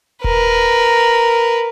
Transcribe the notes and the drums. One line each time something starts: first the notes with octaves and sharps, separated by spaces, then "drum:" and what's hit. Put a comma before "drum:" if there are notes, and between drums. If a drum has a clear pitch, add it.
A#4 B4, drum: kick D#1